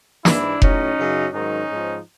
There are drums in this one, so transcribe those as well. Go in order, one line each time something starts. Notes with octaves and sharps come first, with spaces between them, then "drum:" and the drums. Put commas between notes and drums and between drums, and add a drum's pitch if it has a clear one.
G#2 E3 D4 E4, drum: snare
A2 F#3 C#4 D#4, drum: kick F1
F#2 C#3 F#3
G#2 D#3 F#3 C#4 D#4
G#2 F3